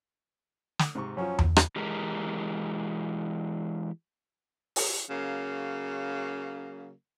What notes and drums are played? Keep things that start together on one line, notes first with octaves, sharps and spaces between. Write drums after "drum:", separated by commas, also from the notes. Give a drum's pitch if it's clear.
drum: snare
G#2 C3 C#6
F#2 F3 C#4
drum: tom E2
drum: rim click
E3 G#3 G4 G#4 A#4
drum: open hi-hat
C#3 F#3 A#3